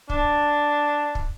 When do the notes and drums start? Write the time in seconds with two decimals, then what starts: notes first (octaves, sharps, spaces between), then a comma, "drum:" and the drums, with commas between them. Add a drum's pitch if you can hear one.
0.10 D4, drum: kick
1.15 drum: kick